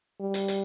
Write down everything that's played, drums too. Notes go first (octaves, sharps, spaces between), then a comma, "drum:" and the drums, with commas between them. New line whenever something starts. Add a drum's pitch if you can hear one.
G3
drum: hi-hat
drum: hi-hat